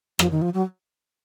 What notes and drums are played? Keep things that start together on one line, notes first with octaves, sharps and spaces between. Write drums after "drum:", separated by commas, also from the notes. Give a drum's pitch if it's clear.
F3, drum: rim click
D#3
F3
F#3